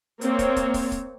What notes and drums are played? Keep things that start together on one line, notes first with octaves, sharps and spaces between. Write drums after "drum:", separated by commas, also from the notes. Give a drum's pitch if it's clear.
A#3 C4 C#5, drum: hi-hat
drum: kick, hi-hat
drum: kick, hi-hat
drum: kick, open hi-hat
drum: kick, hi-hat